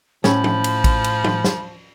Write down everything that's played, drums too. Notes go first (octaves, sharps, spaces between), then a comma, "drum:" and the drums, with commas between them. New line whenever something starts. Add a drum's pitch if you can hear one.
A2 F3 C#4 B5, drum: snare
drum: tom F3
drum: cymbal
drum: kick A1, cymbal
drum: cymbal
drum: tom F3
drum: snare